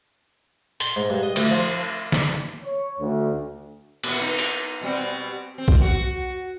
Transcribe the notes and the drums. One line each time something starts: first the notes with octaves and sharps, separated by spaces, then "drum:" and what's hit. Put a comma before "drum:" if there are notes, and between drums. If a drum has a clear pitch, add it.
C6, drum: hi-hat
G#2
G2
D#5
D2, drum: cymbal
F3
drum: snare
C#5
D2
A#2 B3, drum: cymbal
D#4
drum: hi-hat
B2 G3 C4
C4
drum: kick
F#4